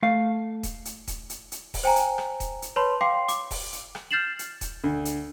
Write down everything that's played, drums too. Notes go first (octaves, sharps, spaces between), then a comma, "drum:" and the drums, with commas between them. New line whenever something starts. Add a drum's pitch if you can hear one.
A3 F5
drum: kick D#1, hi-hat
drum: hi-hat
drum: kick D#1, hi-hat
drum: hi-hat
drum: hi-hat
drum: kick D#1, open hi-hat
C5 G5 G#5 A#5
drum: hi-hat
drum: rim click
drum: kick D#1, hi-hat
drum: hi-hat
B4 C#5 A5 B5 C6
F5 G5 C6 D6 C7
D6, drum: hi-hat
drum: kick D#1, open hi-hat
drum: hi-hat
drum: rim click
F6 G6 A6 C7 E7 F#7
drum: hi-hat
drum: kick D#1, hi-hat
D2
drum: hi-hat